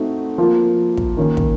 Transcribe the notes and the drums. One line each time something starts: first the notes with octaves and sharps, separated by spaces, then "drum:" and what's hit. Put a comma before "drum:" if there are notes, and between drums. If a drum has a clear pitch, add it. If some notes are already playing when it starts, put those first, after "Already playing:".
Already playing: A3 C4 D#4 F#4
F3 A#3 F4
drum: kick
D#3 A#3 C#4
drum: kick